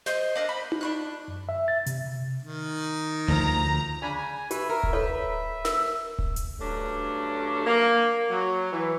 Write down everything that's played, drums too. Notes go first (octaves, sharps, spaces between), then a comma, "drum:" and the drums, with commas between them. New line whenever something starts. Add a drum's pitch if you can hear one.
C5 D#5, drum: snare
D4 A#4 D#5
B5
drum: tom D#4
D4 B5 F#6
F#2
E5
A6
C3, drum: hi-hat
D#3
D2 F3 A#5
C#3 D4 G#5 B5
G#5
G4 B4 E5, drum: hi-hat
A#4
drum: kick D1
A4 B4 C#5
A#4 E6, drum: snare
drum: kick D1
drum: hi-hat
G2 F#3 A3 C#4 D4
A#3
F#3
E3